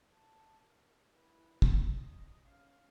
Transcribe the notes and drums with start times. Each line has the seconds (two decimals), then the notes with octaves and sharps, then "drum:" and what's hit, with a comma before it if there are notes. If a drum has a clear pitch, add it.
0.14 A5
0.63 A#4
1.13 E4 B4
1.62 drum: kick
1.90 D#5
2.43 C#4 F5